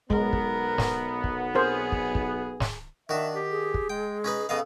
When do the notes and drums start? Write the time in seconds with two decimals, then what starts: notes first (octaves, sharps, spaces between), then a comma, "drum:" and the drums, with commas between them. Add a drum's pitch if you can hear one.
0.10 B1 G#3 B3 A#4, drum: kick
0.33 drum: kick
0.78 drum: snare
1.24 drum: kick
1.54 C4 G#4 A#4 C5
1.92 drum: kick
2.15 drum: kick
2.60 drum: snare
3.09 D#3 D4 F#4 E5
3.35 G4
3.51 G#4
3.74 drum: kick
3.90 G#3 G5
4.24 C#4 D#4 B4
4.49 C#3 B3 A4 D#5 F5